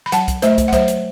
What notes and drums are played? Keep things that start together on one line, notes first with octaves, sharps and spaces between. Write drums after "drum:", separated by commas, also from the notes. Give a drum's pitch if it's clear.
B5
F#3 F#5 A5, drum: hi-hat
drum: kick, hi-hat
A3 C5 E5, drum: hi-hat
drum: kick, hi-hat
F#5
F#3 C5 E5, drum: kick, hi-hat
drum: hi-hat